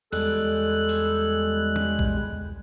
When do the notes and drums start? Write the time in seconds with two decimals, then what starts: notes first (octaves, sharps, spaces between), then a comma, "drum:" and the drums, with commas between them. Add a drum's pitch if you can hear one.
0.13 E2 G3 G#3 A4 F#6, drum: cymbal
0.89 drum: open hi-hat
1.76 drum: tom
1.99 drum: kick A#1